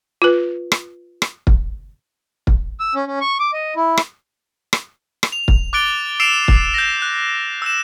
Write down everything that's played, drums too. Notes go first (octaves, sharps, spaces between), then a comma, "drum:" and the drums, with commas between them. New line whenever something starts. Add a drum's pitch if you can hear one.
F4 B4
drum: rim click
drum: rim click
drum: kick
drum: kick
E6
C#4
C#4
C#6
D6
D#5
E4
drum: rim click
drum: rim click
drum: rim click
F7
drum: kick
D6 F#6 A6 D7 G7
E6 C7 D7 E7 F7
drum: kick
G6 A#6
F#6
E6 G6 E7